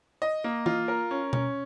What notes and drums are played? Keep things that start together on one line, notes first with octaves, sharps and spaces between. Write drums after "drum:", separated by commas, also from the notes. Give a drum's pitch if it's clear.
D#5
A#3
F4, drum: tom E3
A#4
C#4
C#4, drum: tom B2